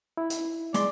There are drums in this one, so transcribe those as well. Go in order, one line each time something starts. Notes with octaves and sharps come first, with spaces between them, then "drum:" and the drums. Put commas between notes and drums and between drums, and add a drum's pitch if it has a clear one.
E4
drum: hi-hat
G#3 D5 C6, drum: hi-hat